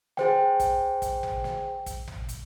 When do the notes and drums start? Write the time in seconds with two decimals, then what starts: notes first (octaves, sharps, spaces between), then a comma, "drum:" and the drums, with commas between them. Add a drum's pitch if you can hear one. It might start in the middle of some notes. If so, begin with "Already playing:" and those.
0.17 G#4 C5 G5, drum: snare
0.60 drum: kick, hi-hat
1.02 drum: kick, hi-hat
1.23 drum: tom
1.44 drum: snare
1.86 drum: kick, hi-hat
2.07 drum: tom
2.29 drum: kick, hi-hat